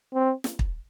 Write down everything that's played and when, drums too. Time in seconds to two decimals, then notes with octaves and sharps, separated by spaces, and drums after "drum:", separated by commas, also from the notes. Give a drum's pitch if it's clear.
0.14 C4
0.44 drum: snare
0.59 drum: kick